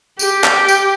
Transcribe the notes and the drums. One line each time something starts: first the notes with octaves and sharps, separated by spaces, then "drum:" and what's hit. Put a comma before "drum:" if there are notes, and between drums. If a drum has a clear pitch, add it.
G4, drum: tambourine
drum: clap
drum: tambourine